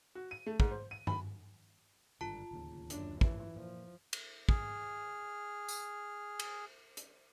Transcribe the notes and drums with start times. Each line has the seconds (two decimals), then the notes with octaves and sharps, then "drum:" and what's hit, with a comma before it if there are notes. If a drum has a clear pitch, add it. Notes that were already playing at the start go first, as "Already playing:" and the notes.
0.15 F#4
0.31 D#7
0.46 A3
0.60 G#2, drum: kick
0.71 C5
0.91 D#7
1.07 B5, drum: tom G2
2.21 G#1 G2 D3 F4 A5
2.51 D1 D#2 C#3
2.90 F#2 D4, drum: hi-hat
3.21 A1 E3, drum: kick
3.56 A#2 F3
4.13 drum: cymbal
4.49 G#4 F6, drum: kick
5.68 drum: tambourine
6.40 drum: cymbal
6.97 drum: hi-hat